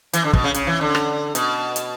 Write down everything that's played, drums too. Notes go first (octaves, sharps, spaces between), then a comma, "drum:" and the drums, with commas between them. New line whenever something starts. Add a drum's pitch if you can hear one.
E3, drum: hi-hat
D3
B2, drum: kick
C#3
C#3, drum: hi-hat
E3
D3
drum: rim click
B2, drum: hi-hat
drum: hi-hat